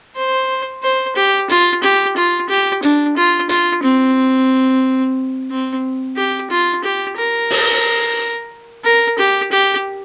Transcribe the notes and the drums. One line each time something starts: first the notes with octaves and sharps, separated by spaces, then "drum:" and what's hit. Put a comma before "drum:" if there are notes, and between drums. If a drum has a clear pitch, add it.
C5
C5
G4
F4, drum: hi-hat
G4
F4
G4
D4, drum: hi-hat
F4
F4, drum: hi-hat
C4
C4
G4
F4
G4
A#4
drum: open hi-hat
A#4
G4
G4